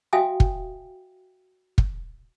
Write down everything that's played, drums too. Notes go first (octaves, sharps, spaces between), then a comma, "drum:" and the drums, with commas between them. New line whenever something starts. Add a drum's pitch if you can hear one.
F#4 E5 F5 G5 G#5 D#6
drum: kick
drum: kick